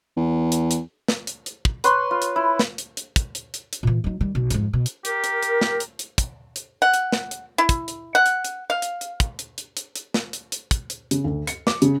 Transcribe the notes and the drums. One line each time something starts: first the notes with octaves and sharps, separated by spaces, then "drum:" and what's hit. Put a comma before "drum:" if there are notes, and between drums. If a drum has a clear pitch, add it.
E2
drum: hi-hat
drum: hi-hat
drum: snare
drum: hi-hat
drum: hi-hat
drum: kick
B4 C#5 C6, drum: hi-hat
F4
drum: hi-hat
E4
drum: snare
drum: hi-hat
drum: hi-hat
drum: kick, hi-hat
drum: hi-hat
drum: hi-hat
drum: hi-hat
A#2 E3
F#3 D#4
D#3 G3
B1
F2 G#2, drum: hi-hat
B2
drum: hi-hat
G4 A#4, drum: hi-hat
drum: hi-hat
drum: hi-hat
drum: snare
drum: hi-hat
drum: hi-hat
drum: kick, hi-hat
drum: hi-hat
F#5
drum: hi-hat
drum: snare
drum: hi-hat
E4
drum: kick, hi-hat
drum: hi-hat
F#5
drum: hi-hat
drum: hi-hat
F5
drum: hi-hat
drum: hi-hat
drum: kick, hi-hat
drum: hi-hat
drum: hi-hat
drum: hi-hat
drum: hi-hat
drum: snare
drum: hi-hat
drum: hi-hat
drum: kick, hi-hat
drum: hi-hat
C#3, drum: hi-hat
D2
C#7, drum: hi-hat
D6, drum: snare
C#3, drum: hi-hat